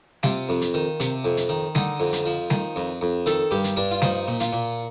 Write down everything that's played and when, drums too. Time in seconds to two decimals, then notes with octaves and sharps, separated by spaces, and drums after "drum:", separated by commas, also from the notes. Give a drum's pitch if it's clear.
0.23 C3 F4, drum: snare G3
0.49 F2
0.61 drum: hi-hat
0.74 D#3
1.00 C3, drum: hi-hat
1.24 F2
1.37 drum: hi-hat
1.49 D#3
1.75 D3 D#4, drum: snare G3
2.00 F2
2.13 drum: hi-hat
2.26 F3
2.50 D#3, drum: snare G3
2.76 F2
3.01 F2
3.26 D#3 A4, drum: hi-hat
3.51 G2 G4
3.64 drum: hi-hat
3.77 G2 D4
3.91 F4
4.02 F3 D#4, drum: snare G3
4.28 A#2
4.40 F4, drum: hi-hat
4.53 A#2